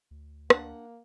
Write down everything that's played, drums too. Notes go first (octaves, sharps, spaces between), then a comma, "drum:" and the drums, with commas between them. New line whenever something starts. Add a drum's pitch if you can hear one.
D2
A#3 D4 F#5, drum: rim click